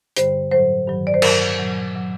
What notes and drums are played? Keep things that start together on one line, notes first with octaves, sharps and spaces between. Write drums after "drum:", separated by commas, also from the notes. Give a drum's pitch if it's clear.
G2 D3 G3 C5, drum: hi-hat
A2 F#3 C5
G2 D#3 F#3
D5
C5
G2 F#3 A#4, drum: cymbal
A#2 F#3
F#3